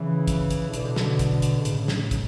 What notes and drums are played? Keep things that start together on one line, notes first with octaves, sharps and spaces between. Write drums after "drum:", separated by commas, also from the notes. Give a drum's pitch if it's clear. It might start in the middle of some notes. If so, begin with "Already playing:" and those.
Already playing: C#3 E3
drum: kick, hi-hat
drum: hi-hat
B2 D3, drum: hi-hat
drum: snare
drum: kick, hi-hat
drum: hi-hat
A2 C#3, drum: hi-hat
drum: snare
drum: kick, hi-hat